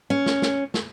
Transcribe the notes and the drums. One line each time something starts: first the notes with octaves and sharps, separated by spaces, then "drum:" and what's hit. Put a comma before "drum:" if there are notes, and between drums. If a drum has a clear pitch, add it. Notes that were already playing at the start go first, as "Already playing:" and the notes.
C#4
drum: snare
drum: snare
drum: snare